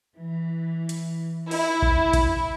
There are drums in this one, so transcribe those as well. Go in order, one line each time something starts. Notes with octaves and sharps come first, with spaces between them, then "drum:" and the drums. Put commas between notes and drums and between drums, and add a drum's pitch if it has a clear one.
E3
drum: hi-hat
E4, drum: open hi-hat
drum: kick A#1
drum: kick A#1, hi-hat